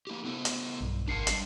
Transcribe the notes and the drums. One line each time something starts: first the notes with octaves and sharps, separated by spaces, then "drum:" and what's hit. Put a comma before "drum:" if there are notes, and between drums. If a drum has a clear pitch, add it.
A#3 E4 G4
B3 E4 A4
drum: hi-hat
B1 G2
G#1 D4 A#4 A5 C7 C#7
G3 D4, drum: hi-hat